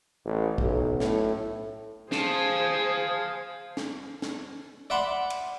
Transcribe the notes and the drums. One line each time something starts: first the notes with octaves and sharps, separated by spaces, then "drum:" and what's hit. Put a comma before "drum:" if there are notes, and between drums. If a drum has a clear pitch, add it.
A1
B1, drum: kick
A2, drum: snare
G#4 C5 F5 A5, drum: snare
drum: snare
drum: snare
D5 E5 F#5 B5 C6
drum: cymbal